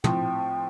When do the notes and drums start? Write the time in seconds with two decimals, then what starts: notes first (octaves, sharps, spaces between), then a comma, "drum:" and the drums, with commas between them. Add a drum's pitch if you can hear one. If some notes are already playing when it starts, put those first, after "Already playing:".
0.04 A2 F3 C4 G5, drum: tom